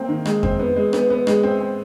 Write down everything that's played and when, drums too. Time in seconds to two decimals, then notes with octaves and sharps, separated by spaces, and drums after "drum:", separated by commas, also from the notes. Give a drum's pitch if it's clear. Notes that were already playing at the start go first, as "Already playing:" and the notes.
Already playing: A#3 C4
0.09 D#3
0.26 G#3, drum: rim click
0.43 C4, drum: kick F2
0.59 B3
0.76 G#3
0.93 B3, drum: rim click
1.10 B3
1.27 G#3, drum: rim click
1.43 C4
1.61 C4